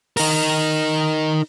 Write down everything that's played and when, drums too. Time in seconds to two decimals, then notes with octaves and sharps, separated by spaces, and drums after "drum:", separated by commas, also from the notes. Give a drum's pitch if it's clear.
0.17 D#4 A#4, drum: open hi-hat